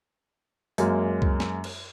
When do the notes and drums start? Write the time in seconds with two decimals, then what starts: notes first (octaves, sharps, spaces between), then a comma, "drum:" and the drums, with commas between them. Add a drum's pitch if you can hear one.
0.78 F#2 G#3 A#3, drum: hi-hat
1.22 drum: kick C2
1.40 drum: snare
1.64 drum: cymbal